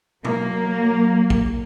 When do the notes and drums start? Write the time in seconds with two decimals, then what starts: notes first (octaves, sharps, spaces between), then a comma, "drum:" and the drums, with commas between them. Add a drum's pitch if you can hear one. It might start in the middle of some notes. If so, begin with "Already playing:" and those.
0.25 F#3 A#3, drum: tom B2
1.30 drum: kick